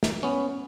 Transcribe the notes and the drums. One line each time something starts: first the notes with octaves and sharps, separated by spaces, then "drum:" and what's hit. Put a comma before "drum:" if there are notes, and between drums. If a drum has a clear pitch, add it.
drum: snare
B3 C#4